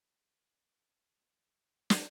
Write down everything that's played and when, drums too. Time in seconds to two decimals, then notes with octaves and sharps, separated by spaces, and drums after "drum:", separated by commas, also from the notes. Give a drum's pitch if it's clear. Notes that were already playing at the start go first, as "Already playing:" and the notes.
Already playing: A#2
0.27 F3 A3 D4
0.69 A#2
1.12 F3 A3 D4
1.55 A#2
1.90 drum: snare